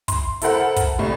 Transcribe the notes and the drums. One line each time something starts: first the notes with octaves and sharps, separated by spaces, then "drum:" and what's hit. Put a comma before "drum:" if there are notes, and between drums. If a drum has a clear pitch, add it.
C6, drum: kick, hi-hat
E4 A4 A#4 C5 F#5 B5, drum: hi-hat
drum: kick, hi-hat
C2 A2 G3